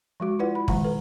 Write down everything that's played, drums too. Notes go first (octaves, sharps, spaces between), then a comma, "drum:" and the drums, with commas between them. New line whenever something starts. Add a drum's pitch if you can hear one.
F3 G#3 F#4
E4 F4 B4 D5 F#5
B5
D#3 F3 G#3 F#5 A#5, drum: kick
A4 B4